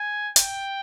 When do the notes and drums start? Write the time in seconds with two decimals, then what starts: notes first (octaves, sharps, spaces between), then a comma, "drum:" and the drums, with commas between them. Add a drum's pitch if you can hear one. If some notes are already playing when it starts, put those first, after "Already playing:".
Already playing: G#5
0.36 G5, drum: hi-hat